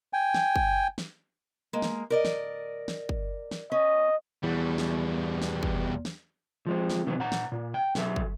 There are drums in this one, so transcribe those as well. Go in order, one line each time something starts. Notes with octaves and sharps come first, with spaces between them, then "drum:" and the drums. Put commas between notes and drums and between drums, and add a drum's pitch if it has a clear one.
G5 G#5
drum: snare
drum: kick
drum: snare
G#3 A#3
drum: snare
A#4 D5 D#5
drum: snare
drum: snare
drum: kick
drum: snare
C#4 D#5
E2 B2 G3
drum: snare
drum: snare
drum: kick
drum: snare
F3 G#3 C4
drum: snare
C3 D#3 E3 F#3 B3 C4
A#2 F#5 A#5
drum: snare
A#2
G5
B1 F#3 A4 E5, drum: snare
drum: kick